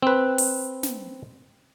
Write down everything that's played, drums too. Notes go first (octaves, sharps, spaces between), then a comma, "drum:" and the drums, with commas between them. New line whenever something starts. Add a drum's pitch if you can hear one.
C4 B4
drum: open hi-hat
drum: snare